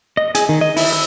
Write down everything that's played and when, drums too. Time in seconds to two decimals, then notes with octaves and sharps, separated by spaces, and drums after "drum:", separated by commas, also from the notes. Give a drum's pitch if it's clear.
0.17 D#5
0.35 G#4, drum: hi-hat
0.49 D#3
0.61 D#5
0.77 E4, drum: open hi-hat
0.93 E6